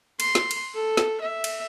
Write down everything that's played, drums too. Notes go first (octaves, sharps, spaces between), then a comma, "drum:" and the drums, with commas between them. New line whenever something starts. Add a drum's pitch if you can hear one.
C6, drum: cymbal
drum: snare
drum: cymbal
A4
drum: snare
E5
drum: cymbal